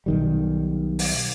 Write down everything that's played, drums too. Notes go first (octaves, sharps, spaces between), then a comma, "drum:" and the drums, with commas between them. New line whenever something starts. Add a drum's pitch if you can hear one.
B1 D#3 G3
drum: open hi-hat